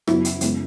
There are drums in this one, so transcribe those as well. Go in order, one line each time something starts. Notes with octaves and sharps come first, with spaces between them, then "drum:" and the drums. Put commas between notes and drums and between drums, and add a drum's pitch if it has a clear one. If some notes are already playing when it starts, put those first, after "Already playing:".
F#2 C#3 F#3 B3 E4, drum: rim click
drum: hi-hat
F#2 C#3 G#3 B3, drum: hi-hat